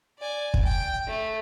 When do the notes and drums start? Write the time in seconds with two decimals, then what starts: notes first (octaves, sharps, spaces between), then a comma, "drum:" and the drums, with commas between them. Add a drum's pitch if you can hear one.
0.19 D5 G#5
0.54 drum: kick
0.63 G5
1.07 A3